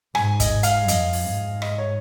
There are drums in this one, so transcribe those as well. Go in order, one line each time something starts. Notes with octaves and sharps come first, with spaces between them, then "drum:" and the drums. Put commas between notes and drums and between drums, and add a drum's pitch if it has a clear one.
G#2 G#5, drum: rim click
D#5, drum: kick, hi-hat
G#2
F5, drum: hi-hat
F2 D#5, drum: hi-hat
drum: open hi-hat
G#2
D#5, drum: rim click
C#5